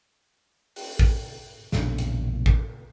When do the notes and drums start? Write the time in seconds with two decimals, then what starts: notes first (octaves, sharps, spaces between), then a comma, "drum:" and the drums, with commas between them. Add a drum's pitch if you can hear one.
0.76 drum: open hi-hat
0.99 drum: kick
1.72 E1 A#1 C#3 F#3, drum: snare
1.98 drum: hi-hat
2.46 drum: kick